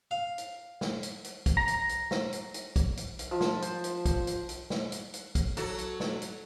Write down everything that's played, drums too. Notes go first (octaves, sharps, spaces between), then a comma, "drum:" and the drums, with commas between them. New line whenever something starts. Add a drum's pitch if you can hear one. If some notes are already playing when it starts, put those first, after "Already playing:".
F5
drum: hi-hat
drum: snare
drum: hi-hat
drum: hi-hat
drum: kick, hi-hat
A#5
drum: hi-hat
drum: hi-hat
drum: snare
drum: hi-hat
drum: hi-hat
drum: kick, hi-hat
drum: hi-hat
drum: hi-hat
F3
drum: snare
C5, drum: hi-hat
drum: hi-hat
drum: kick, hi-hat
drum: hi-hat
drum: hi-hat
drum: snare
drum: hi-hat
drum: hi-hat
drum: kick, hi-hat
F#3 F#4 A4, drum: hi-hat
drum: hi-hat
drum: snare
drum: hi-hat